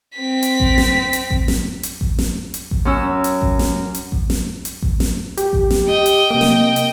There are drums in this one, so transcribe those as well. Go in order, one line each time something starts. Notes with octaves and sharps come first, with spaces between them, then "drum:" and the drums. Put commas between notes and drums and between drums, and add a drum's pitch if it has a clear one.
C4 B6
drum: hi-hat
drum: kick A1
drum: snare
drum: hi-hat
drum: kick A1
drum: snare
drum: hi-hat
drum: kick A1
drum: snare
drum: hi-hat
drum: kick A1
F#2 C#4 E6
drum: hi-hat
drum: kick A1
drum: snare
drum: hi-hat
drum: kick A1
drum: snare
drum: hi-hat
drum: kick A1
drum: snare
G4, drum: hi-hat
drum: kick A1
drum: snare
D#5 G5
drum: hi-hat
C3 A#3
drum: snare
drum: hi-hat